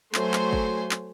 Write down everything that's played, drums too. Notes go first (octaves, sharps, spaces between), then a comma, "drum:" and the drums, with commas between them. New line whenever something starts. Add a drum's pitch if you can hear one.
F#3 A3 C5 G#5 C6, drum: clap
drum: clap
drum: kick
drum: clap